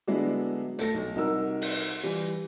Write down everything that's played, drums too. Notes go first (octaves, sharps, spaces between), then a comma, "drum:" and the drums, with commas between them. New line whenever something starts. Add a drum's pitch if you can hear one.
D3 F#3 G#3 B3 D4 E4
A3 A4 A#6, drum: hi-hat
B1
C2 D#4 F#4 A#4 E6
drum: open hi-hat
E3 G3